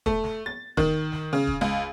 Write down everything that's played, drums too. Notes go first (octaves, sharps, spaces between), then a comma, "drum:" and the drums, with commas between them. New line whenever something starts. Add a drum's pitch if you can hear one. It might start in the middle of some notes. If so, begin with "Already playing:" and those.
A3, drum: kick
drum: snare
A6
D#3, drum: kick
drum: snare
C#3
drum: kick
C#2